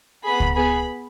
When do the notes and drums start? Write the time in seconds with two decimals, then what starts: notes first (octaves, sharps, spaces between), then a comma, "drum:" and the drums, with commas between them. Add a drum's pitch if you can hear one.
0.24 B3 G#4 B5
0.40 drum: kick C#2
0.56 B3 G#4 B5